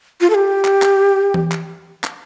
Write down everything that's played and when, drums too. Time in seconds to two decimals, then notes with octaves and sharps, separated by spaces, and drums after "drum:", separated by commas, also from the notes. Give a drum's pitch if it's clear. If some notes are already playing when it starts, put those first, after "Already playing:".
0.21 F4
0.30 A4
0.35 G4
0.65 drum: clap
0.82 drum: clap
1.34 drum: tom E3
1.52 drum: clap
2.04 drum: clap